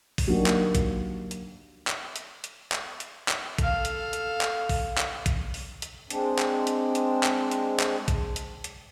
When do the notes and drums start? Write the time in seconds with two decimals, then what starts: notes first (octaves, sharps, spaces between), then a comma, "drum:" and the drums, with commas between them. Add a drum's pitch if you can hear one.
0.18 drum: kick A1, open hi-hat
0.27 F#3 A#3 D4 D#4 F#4 G4
0.46 drum: clap
0.75 drum: kick A1, hi-hat
1.31 drum: hi-hat
1.87 drum: clap
2.16 drum: hi-hat
2.44 drum: hi-hat
2.72 drum: clap
3.00 drum: hi-hat
3.28 drum: clap
3.58 A4 F5, drum: kick A1, hi-hat
3.85 drum: hi-hat
4.13 drum: hi-hat
4.41 drum: clap
4.69 drum: kick A1, open hi-hat
4.98 drum: clap
5.26 drum: kick A1, hi-hat
5.54 drum: open hi-hat
5.82 drum: hi-hat
6.10 G#3 C4 D4, drum: hi-hat
6.39 drum: clap
6.67 drum: hi-hat
6.95 drum: hi-hat
7.23 drum: clap
7.51 drum: hi-hat
7.80 drum: clap
8.08 drum: kick A1, hi-hat
8.36 drum: hi-hat
8.64 drum: hi-hat